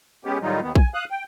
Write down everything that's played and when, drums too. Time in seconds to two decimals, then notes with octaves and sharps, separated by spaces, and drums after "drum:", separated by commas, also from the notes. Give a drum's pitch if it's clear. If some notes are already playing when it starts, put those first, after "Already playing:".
0.25 G#3 B3 C#4 G4
0.42 A2 D#3 F#3 G3 D#4 F4
0.62 D#2 D#3 B3
0.75 G#5, drum: kick A#1
0.94 F5 D#6 F#6
1.10 G5